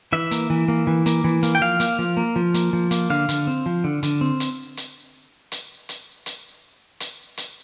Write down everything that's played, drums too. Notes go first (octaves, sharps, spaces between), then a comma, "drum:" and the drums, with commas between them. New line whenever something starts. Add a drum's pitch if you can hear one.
E3 E5
A#3, drum: hi-hat
E3
A#3
E3
A#3, drum: hi-hat
E3
A#3, drum: hi-hat
G5
F3 F5
A#3, drum: hi-hat
F3
A#3
F3
A#3, drum: hi-hat
F3
A#3, drum: hi-hat
D3 F5
D3, drum: hi-hat
C4
F3
D3
D3, drum: hi-hat
C4
drum: hi-hat
drum: hi-hat
drum: hi-hat
drum: hi-hat
drum: hi-hat
drum: hi-hat
drum: hi-hat